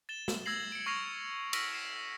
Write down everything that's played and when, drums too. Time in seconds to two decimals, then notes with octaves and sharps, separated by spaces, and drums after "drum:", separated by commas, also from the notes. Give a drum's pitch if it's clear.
0.09 A6 E7 G7
0.28 drum: snare
0.45 E6 G#6 A#6 C7 F#7
0.72 C#7 D7
0.86 C#6 F6 G#6 A#6 C7 F7
1.53 C#6 E6 F6 A#6 B6 D7, drum: cymbal
1.73 C7 E7